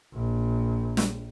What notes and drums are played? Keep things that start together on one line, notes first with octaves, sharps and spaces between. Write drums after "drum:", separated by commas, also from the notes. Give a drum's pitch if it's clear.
A#1
drum: snare